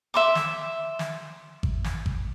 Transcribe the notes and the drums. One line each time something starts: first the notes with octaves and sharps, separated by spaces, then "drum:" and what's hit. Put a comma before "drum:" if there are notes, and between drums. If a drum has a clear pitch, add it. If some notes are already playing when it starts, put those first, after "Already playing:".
E5 C6 D6
drum: snare
drum: snare
drum: kick G#1
drum: snare
drum: kick G#1